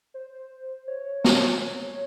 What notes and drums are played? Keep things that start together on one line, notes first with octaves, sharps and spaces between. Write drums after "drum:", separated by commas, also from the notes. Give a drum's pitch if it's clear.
C5
C#5
drum: snare